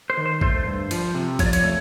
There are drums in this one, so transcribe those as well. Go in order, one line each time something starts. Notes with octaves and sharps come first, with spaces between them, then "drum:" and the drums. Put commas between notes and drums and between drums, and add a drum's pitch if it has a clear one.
C5
D#3
C5
A3 C5, drum: kick
G2
F3, drum: cymbal
C3
F3 C#5, drum: kick, cymbal
D5
C#5, drum: cymbal
A3